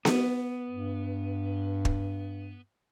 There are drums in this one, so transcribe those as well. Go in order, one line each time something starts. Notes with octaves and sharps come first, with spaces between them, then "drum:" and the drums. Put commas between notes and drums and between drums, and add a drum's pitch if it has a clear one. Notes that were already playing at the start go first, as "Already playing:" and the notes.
B3, drum: snare B3
G2
drum: kick